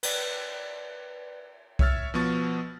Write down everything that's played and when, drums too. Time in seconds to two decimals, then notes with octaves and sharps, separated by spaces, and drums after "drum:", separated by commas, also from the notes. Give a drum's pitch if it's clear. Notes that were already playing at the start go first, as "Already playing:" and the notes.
0.03 B4 D5, drum: cymbal
1.79 C#5 E5 E6 F6 A6, drum: kick C2
2.14 B2 F3 B3 C#6 A6